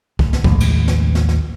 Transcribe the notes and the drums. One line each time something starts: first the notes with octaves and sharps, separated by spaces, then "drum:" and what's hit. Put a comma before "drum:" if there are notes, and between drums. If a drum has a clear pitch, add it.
D2, drum: kick
drum: snare
A#1 D#2 A2 G#3, drum: kick
drum: cymbal
drum: snare
drum: snare
drum: snare